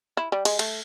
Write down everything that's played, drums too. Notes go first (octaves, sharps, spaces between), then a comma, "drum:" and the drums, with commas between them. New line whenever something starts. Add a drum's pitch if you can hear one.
E4
G3
G#3, drum: cymbal
A3, drum: cymbal